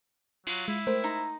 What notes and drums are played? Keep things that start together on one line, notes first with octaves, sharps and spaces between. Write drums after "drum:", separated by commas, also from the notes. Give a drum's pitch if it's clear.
F#3 F4, drum: cymbal
G#3 E4
A3 A#4 C5 G5
D#4 A#5 C6